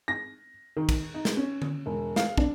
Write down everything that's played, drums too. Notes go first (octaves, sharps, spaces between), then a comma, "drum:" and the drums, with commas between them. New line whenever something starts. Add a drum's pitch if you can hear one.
A#6
D#3
drum: kick, cymbal
D#4
drum: snare
C#4
drum: tom D3
E1
F5, drum: snare
D4, drum: kick